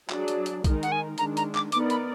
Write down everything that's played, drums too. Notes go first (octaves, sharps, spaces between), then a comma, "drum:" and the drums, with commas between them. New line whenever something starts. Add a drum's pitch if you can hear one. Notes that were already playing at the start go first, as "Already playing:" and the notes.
F#3 D4 G#4 D5, drum: clap
drum: hi-hat
drum: hi-hat
D#3 G#3 D#4 A#4, drum: kick A#1, hi-hat
F#5, drum: hi-hat
G#5
D#3 G#3 D4 A#5, drum: hi-hat
A#5, drum: hi-hat
D6, drum: clap
B3 D#4 A#4 D5 D6, drum: hi-hat
B5, drum: hi-hat